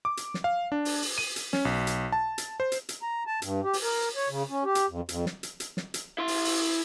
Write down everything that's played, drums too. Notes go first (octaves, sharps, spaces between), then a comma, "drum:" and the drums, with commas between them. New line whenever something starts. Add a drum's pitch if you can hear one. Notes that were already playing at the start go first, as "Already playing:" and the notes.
D6
drum: hi-hat
drum: snare
F5
D4
drum: open hi-hat
drum: open hi-hat
D#7
drum: hi-hat
C#4, drum: snare
B1
drum: hi-hat
A5
drum: hi-hat
C5
drum: hi-hat
drum: hi-hat
A#5
A5
G2, drum: hi-hat
G4
drum: open hi-hat
A#4
C#5
C#3
C#4
G4
drum: hi-hat
F2
F2, drum: hi-hat
drum: snare
drum: hi-hat
drum: hi-hat
drum: snare
drum: hi-hat
E4 C6
drum: open hi-hat
drum: open hi-hat